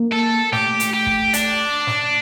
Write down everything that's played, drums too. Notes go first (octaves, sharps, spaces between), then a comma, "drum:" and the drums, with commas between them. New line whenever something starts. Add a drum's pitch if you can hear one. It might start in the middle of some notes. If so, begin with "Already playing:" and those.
Already playing: A#3
A4
A3 G4, drum: snare
drum: hi-hat
G4
drum: kick
D4, drum: hi-hat
drum: snare